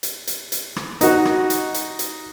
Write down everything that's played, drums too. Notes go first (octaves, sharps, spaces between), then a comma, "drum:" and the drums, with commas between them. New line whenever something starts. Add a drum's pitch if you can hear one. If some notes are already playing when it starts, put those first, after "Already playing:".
drum: hi-hat
drum: hi-hat
drum: hi-hat
drum: rim click
D#4 F#4, drum: hi-hat
drum: rim click
drum: hi-hat
drum: hi-hat
drum: hi-hat